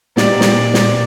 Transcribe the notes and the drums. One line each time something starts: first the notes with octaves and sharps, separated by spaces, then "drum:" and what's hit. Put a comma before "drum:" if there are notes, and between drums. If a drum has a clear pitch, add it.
A#2 B3 D#4 G4 D5, drum: snare
drum: snare
drum: snare